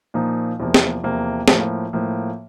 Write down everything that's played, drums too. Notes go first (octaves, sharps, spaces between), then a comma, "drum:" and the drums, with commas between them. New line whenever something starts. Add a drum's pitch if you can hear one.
A#2 F3 A#3 D#4
E2 C3 F3 A#3
drum: snare
E2 C3 F3 A#3
A2 F3 A#3, drum: snare
A2 F3 A#3